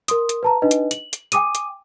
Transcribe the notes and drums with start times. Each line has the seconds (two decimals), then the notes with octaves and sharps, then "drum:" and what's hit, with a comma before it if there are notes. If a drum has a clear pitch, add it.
0.08 A#4 C6 D#6, drum: hi-hat
0.29 drum: hi-hat
0.43 B4 A5 A#5
0.62 D4 D#4 B4 D#5
0.71 drum: hi-hat
0.91 F#7, drum: hi-hat
1.13 drum: hi-hat
1.32 G5 G#5 D6 D#6 D#7, drum: hi-hat
1.55 drum: hi-hat